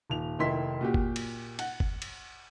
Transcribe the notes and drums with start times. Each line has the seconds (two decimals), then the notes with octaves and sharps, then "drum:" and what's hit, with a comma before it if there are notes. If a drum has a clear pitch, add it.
0.10 D#1 F7
0.39 F1 D#3 E4 C6 B6
0.81 A#2 F#4 G4
0.94 drum: kick F#1
1.16 drum: cymbal
1.59 F#5, drum: cymbal
1.80 drum: kick F#1
2.02 drum: cymbal